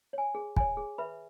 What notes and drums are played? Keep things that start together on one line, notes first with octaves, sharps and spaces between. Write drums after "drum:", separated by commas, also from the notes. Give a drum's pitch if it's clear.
C#5 G#5
G#4
C#5 G#5, drum: kick
G#4
B4 E5 B5